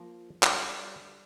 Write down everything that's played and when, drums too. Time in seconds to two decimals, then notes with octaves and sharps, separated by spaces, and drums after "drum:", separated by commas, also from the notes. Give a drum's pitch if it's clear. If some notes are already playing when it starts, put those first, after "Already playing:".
Already playing: F3 A#3 F4 A#4
0.43 G3 D4 A4, drum: clap